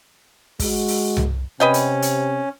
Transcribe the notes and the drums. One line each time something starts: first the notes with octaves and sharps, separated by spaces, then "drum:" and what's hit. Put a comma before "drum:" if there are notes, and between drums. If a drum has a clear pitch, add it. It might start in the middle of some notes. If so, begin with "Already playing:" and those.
G#3 F#4, drum: kick, open hi-hat
drum: open hi-hat
drum: tom C2
C3 C#4 B4 D#5 G5
drum: hi-hat
drum: hi-hat